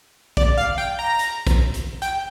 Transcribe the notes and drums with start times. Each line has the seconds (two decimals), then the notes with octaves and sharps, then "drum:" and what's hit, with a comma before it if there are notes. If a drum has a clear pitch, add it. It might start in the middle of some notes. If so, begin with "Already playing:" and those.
0.37 D5, drum: kick
0.58 F5
0.78 G5
0.99 A#5
1.19 drum: hi-hat
1.47 drum: kick, hi-hat
1.74 drum: hi-hat
2.02 G5, drum: hi-hat